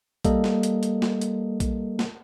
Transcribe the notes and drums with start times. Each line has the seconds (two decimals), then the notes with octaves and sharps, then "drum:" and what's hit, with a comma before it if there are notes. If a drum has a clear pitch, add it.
0.25 G3 A#3 A4 A#4 D#5, drum: kick A#1, hi-hat
0.44 drum: snare
0.63 drum: hi-hat
0.83 drum: hi-hat
1.02 drum: snare
1.21 drum: hi-hat
1.60 drum: kick A#1, hi-hat
1.99 drum: snare